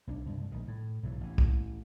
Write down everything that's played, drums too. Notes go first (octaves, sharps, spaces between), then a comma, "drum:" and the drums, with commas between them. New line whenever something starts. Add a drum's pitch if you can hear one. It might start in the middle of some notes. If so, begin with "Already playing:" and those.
B1 F3 D4
C2 G2
A#1 D#3
A2
B1 G#2 E3
A1 E3
drum: kick